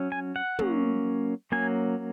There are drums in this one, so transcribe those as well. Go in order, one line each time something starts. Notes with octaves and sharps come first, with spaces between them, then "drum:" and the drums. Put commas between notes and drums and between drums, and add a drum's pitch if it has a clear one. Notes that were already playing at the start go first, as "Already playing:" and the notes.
Already playing: F#3 C#4
G#5
F#5
F#3 A#3 C#4, drum: tom
F#3 A#3 C#4 G#5